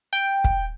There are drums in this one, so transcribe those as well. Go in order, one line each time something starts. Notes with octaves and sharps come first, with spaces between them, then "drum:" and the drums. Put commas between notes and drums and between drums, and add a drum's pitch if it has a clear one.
G5
drum: kick